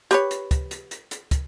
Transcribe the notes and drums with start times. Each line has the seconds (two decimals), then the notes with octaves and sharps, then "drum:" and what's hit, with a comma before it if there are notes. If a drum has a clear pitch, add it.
0.11 G4 B4 C#5, drum: hi-hat
0.31 drum: hi-hat
0.51 drum: kick, hi-hat
0.71 drum: hi-hat
0.91 drum: hi-hat
1.11 drum: hi-hat
1.31 drum: kick, hi-hat